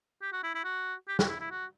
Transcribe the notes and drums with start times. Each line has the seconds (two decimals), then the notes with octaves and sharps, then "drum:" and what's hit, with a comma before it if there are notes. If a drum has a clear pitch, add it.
0.22 G4
0.33 F#4
0.43 E4
0.55 E4
0.64 F#4
1.08 G4
1.19 F#4, drum: snare
1.29 E4
1.40 E4
1.51 F#4